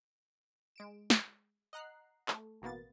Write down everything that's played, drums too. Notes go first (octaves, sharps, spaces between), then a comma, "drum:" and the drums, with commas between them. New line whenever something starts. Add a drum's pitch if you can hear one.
G#3 D7 E7
drum: snare
D#5 F#5 A#5 F#6 C7
A3, drum: clap
A1 B2 A#3 B3 A6